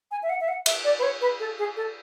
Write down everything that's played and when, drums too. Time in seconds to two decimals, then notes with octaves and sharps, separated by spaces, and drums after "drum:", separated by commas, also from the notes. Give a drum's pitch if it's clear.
0.11 G#5
0.23 E5
0.29 F#5
0.41 E5
0.48 F#5
0.66 E5, drum: cymbal
0.84 D5
0.99 B4
1.03 C#5
1.21 B4
1.39 A4
1.58 G#4
1.76 A4